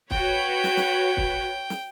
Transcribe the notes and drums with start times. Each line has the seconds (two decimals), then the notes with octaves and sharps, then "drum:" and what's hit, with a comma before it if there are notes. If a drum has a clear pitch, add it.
0.11 F#4 B4 C#5 G5, drum: kick
0.64 drum: snare
0.77 drum: snare
1.17 drum: kick
1.70 drum: snare